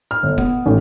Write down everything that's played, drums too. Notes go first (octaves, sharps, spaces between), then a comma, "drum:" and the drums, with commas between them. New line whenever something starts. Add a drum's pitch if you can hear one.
F6
G1
B3, drum: kick
A1